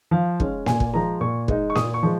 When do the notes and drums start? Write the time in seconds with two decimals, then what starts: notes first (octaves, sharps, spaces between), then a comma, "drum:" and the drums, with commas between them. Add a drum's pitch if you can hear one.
0.11 F3 F5
0.40 G#3 C#4, drum: kick
0.66 A#2 G#5, drum: snare A#3
0.80 drum: kick
0.94 F3 G#3 A#5
1.21 A#2 C#6
1.48 G#3 D#4, drum: kick
1.70 C#6
1.75 A#2 D#6, drum: snare A#3
1.94 C#6
2.03 F3 G#3